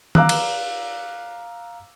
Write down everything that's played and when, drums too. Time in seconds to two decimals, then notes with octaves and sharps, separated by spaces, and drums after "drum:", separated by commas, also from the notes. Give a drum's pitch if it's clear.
0.15 F5 A#5 D6 E6 F#6, drum: tom
0.29 drum: cymbal